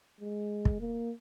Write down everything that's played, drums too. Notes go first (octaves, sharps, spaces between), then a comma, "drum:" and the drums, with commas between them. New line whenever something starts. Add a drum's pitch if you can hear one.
G#3
drum: kick
A#3